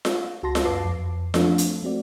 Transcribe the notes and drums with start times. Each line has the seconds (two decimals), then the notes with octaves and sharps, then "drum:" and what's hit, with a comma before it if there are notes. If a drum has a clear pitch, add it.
0.05 drum: snare F4
0.43 C#2 F#4 A5 C6 A#6
0.55 drum: snare F4
0.64 F#2 B4 A5 D6 C7
0.85 F2
1.34 F3 A3 C4 D4 A4, drum: snare F4
1.58 drum: hi-hat
1.83 A3 C4 F#4 D5